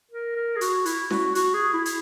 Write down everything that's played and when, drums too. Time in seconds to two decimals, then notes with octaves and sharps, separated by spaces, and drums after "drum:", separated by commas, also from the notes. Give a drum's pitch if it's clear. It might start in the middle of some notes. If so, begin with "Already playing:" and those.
0.11 A#4
0.35 A#4
0.56 G#4
0.61 F#4, drum: hi-hat
0.86 E4, drum: hi-hat
1.11 F#4, drum: snare C#4
1.35 F#4, drum: hi-hat
1.54 G#4
1.73 E4
1.85 drum: hi-hat